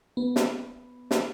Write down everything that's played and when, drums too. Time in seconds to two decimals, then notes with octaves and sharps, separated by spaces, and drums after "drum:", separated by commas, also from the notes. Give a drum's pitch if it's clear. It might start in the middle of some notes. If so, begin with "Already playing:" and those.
0.17 B3
0.36 drum: snare
1.11 drum: snare